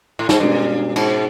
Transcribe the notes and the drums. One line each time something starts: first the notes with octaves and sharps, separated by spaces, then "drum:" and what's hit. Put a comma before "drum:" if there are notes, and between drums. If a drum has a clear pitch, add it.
A2
G#2, drum: snare
G2 B2 G#3 C#4 F#4 A#4
G#2, drum: cymbal